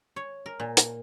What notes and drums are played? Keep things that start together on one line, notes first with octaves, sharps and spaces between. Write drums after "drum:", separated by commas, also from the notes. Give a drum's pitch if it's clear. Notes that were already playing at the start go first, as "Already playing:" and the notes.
C#5
A#4
A#2
drum: hi-hat